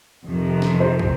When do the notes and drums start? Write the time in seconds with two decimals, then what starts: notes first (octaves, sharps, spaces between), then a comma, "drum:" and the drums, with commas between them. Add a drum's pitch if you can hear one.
0.25 F2 C3 D#3
0.62 drum: snare
0.80 C5
0.99 drum: kick